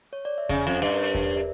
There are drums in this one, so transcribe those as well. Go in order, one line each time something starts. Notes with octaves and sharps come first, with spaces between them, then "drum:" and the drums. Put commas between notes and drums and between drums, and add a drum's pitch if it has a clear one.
C#5
D5
E5
C#3 F5, drum: kick E2
F2
G2 E5
A#4
C#5
A#4, drum: kick E2
D5
E5